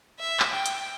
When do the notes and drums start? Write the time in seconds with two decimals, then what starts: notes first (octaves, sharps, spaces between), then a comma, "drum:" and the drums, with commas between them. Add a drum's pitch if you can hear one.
0.20 E5
0.40 drum: clap
0.53 G5
0.66 drum: hi-hat